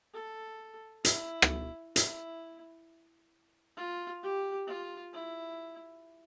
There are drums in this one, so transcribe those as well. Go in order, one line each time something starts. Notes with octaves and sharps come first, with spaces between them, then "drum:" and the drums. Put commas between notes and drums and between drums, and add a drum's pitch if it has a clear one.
A4
E4, drum: hi-hat
drum: rim click
E4, drum: hi-hat
F4
G4
F4
E4